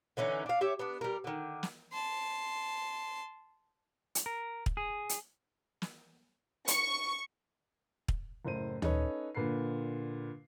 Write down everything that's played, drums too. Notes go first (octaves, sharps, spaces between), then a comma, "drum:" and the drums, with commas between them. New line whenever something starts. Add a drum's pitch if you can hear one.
D3 E3 C#4 D#4
D4 F5
G4 C#5 E5
B3 D4
G3 A#4
D3 D#3
drum: snare
A5 C6
drum: hi-hat
A#4
drum: kick
G#4
drum: hi-hat
drum: snare
C#6, drum: hi-hat
drum: kick
F#1 A2 C5 D#7
C#4 D#4 A4 B4 C#5, drum: tom D2
A#2 D3 B4 C7